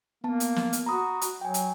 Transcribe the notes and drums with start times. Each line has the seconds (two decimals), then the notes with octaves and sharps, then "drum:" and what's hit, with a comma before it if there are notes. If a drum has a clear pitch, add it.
0.24 A#3 B3 A5
0.40 drum: hi-hat
0.56 drum: snare
0.73 drum: hi-hat
0.86 F#4 A#5 B5 D#6
1.21 drum: hi-hat
1.41 F#3 G5 G#5
1.54 drum: hi-hat